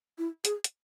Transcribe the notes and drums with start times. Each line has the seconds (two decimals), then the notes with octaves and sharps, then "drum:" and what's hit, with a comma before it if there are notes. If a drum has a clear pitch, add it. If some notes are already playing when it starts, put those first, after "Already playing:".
0.18 E4
0.45 G#4, drum: hi-hat
0.64 drum: hi-hat